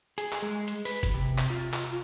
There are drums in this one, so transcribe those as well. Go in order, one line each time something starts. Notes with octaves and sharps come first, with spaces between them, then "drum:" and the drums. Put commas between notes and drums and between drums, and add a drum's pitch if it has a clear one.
G#4, drum: hi-hat
drum: clap
G#3
drum: hi-hat
B4, drum: open hi-hat
drum: kick, hi-hat
C3
drum: clap
F4
drum: clap